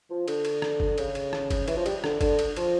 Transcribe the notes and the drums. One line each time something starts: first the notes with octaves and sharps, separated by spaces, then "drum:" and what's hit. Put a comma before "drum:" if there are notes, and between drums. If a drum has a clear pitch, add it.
F3
D3, drum: cymbal
drum: cymbal
drum: rim click
drum: kick
C#3, drum: cymbal
drum: cymbal
drum: rim click
drum: kick, cymbal
E3, drum: cymbal
F3
G3, drum: cymbal
D3, drum: rim click
D3, drum: kick, cymbal
drum: cymbal
F3, drum: cymbal